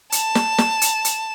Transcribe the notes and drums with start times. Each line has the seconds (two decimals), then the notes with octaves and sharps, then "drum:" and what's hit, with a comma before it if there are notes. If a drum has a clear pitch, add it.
0.12 A5, drum: hi-hat
0.35 drum: snare
0.58 drum: snare
0.81 drum: hi-hat
1.05 drum: hi-hat